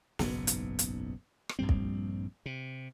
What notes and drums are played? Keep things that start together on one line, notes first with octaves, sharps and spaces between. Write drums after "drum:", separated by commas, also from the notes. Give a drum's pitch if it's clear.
F#1 B1 G#2 B3, drum: snare
drum: hi-hat
drum: hi-hat
drum: rim click
A#1 G2 G3 C4
drum: kick
C3